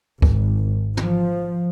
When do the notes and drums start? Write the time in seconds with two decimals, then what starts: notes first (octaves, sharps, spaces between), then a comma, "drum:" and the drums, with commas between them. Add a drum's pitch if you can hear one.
0.22 G#1, drum: kick
0.97 F3, drum: tom